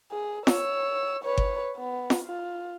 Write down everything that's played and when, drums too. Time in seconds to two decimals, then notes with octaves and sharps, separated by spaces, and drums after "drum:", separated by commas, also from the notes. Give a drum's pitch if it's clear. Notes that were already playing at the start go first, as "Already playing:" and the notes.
0.12 G#4
0.47 C#5 E6, drum: snare
1.24 B4 C#5
1.38 drum: kick G1
1.77 B3
2.10 drum: snare
2.25 F4